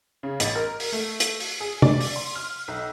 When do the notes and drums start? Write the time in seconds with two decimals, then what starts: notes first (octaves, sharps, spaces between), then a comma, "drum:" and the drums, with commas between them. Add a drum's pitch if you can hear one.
0.23 C#3
0.40 A1, drum: hi-hat
0.55 A#4
0.80 drum: open hi-hat
0.92 A3
1.20 drum: hi-hat
1.40 drum: open hi-hat
1.60 G#4
1.82 D5, drum: tom
2.01 drum: open hi-hat
2.16 C6
2.35 F6
2.68 B1